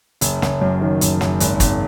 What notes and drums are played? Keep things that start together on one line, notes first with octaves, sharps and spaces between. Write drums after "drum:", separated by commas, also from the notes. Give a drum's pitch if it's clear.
F#1, drum: hi-hat
F#1, drum: snare
F#2
D#3
F#1, drum: hi-hat
F#1, drum: snare
G#1, drum: hi-hat
G#1, drum: kick, hi-hat